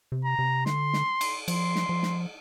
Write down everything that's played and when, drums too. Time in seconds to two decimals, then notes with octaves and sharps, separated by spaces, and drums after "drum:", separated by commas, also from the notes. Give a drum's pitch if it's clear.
0.12 C3
0.25 A#5
0.39 C3
0.66 D3 C6, drum: snare
0.93 drum: snare
1.21 drum: cymbal
1.48 F3 C6, drum: cymbal
1.76 drum: snare
1.89 F3
2.03 drum: snare